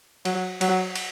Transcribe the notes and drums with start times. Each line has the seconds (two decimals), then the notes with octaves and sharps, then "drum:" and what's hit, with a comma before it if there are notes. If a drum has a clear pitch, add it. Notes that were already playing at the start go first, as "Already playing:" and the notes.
0.25 F#3, drum: cymbal
0.61 F#3, drum: cymbal
0.95 drum: cymbal